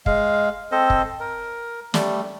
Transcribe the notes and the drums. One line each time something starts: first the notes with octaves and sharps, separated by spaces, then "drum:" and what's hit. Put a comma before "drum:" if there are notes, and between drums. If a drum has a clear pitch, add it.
G#3 F5, drum: kick
C4 A4 C5 D#5
drum: kick
A#4
G3 A3, drum: snare